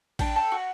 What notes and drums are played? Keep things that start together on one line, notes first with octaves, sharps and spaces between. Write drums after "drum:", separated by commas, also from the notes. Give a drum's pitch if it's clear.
D4 G5, drum: kick A1, cymbal
A4
F#4